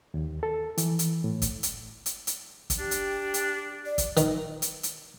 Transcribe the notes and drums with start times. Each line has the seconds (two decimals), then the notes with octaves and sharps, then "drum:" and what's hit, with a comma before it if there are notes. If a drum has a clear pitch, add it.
0.14 D#2
0.43 A4
0.78 E3, drum: hi-hat
0.99 drum: hi-hat
1.24 A2
1.42 drum: kick, hi-hat
1.63 drum: hi-hat
2.06 drum: hi-hat
2.27 drum: hi-hat
2.70 drum: kick, hi-hat
2.79 D4 G4
2.91 drum: hi-hat
3.34 drum: hi-hat
3.86 D5
3.98 drum: kick, hi-hat
4.17 D#3, drum: hi-hat
4.62 drum: hi-hat
4.83 drum: hi-hat